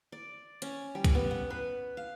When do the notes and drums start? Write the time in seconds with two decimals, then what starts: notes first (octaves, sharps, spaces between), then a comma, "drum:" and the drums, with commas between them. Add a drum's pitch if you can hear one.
0.12 D5
0.62 C#4, drum: hi-hat
0.95 G3
1.04 drum: kick, hi-hat
1.15 B3
1.31 F#5
1.50 B4
1.97 F5